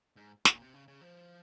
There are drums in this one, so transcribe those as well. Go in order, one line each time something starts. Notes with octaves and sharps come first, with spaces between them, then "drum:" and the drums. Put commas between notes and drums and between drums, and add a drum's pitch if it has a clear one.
G#2
A#2, drum: snare
C3
C#3
C#3
F3